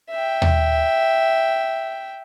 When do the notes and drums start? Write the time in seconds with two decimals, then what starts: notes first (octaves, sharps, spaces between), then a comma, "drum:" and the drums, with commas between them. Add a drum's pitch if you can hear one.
0.10 E5 G5
0.42 drum: tom D#2